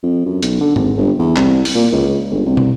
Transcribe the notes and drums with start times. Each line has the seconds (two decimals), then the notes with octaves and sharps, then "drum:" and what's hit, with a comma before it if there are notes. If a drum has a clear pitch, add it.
0.03 F2
0.26 F#2
0.42 B1, drum: hi-hat
0.61 D3
0.76 G#1, drum: tom G#2
0.97 G1
1.19 E2
1.36 C2, drum: clap
1.65 drum: open hi-hat
1.75 A#2
1.92 C#2
2.31 G1
2.46 C2
2.57 drum: tom